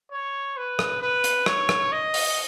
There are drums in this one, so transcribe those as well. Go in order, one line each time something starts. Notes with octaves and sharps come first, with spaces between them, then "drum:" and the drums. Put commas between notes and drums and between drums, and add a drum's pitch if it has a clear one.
C#5
B4
drum: rim click
B4
drum: hi-hat
C#5, drum: rim click
drum: rim click
D#5
drum: open hi-hat